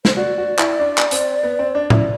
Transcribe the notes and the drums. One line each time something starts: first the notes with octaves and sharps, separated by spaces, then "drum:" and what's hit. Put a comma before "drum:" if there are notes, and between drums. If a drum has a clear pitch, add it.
C5, drum: snare
F#4 D5
F#4
E4, drum: clap
D4
drum: clap
C4, drum: hi-hat
B3
C4
D4
E4, drum: tom A2